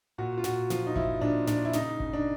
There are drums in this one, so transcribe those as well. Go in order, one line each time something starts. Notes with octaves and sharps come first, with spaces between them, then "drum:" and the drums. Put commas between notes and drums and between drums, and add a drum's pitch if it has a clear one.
A#2 F#4
F4
A#2 F#4, drum: snare
F3 F4, drum: snare
D#4
F3 E4, drum: kick G1
A#2 D4
A#2 D4, drum: snare
E4
C#3 D#4, drum: snare
C#3, drum: kick G1
D4